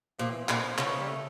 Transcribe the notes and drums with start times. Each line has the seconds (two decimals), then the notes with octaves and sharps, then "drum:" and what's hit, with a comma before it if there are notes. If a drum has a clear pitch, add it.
0.19 A#2 F3
0.30 E3
0.43 F3
0.49 A#2, drum: clap
0.78 C#3, drum: clap
0.84 E3
0.92 F3
0.99 G3
1.08 A3